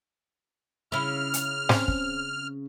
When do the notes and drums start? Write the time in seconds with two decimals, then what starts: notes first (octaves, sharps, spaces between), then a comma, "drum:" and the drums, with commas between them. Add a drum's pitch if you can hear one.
0.92 C#3 E4 F6
1.34 drum: hi-hat
1.69 C4 C#4 C5, drum: snare
1.88 drum: kick